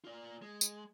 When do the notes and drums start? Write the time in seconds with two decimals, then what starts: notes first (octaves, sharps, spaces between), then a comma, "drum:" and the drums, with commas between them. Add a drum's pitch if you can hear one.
0.05 F4 D5
0.42 G#3
0.61 drum: tambourine